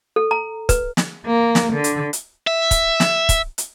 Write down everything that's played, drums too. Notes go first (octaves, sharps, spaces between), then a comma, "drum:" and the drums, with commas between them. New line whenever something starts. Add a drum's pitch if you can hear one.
A4
A#5
B4, drum: kick, hi-hat
drum: snare
A#3
drum: snare
D3
drum: hi-hat
drum: hi-hat
E5
drum: kick, hi-hat
drum: snare
drum: kick, hi-hat
drum: hi-hat